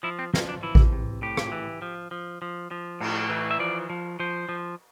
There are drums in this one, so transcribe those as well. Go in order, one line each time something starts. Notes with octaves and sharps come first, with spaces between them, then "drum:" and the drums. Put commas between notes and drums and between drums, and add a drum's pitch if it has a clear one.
F3 E4
C4
F3 A#3, drum: snare
D4
E3 E4
drum: kick A1
C3
A2 G4
drum: rim click
E3
F3
F3
F3
F3
A2, drum: cymbal
E3
E5
F3 D5
F3
F3 C5
F3